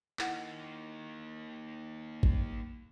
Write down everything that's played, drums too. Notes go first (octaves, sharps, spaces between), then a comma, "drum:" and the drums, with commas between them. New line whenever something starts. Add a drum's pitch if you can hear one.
A#3 D#4 E4 F#5, drum: clap
drum: kick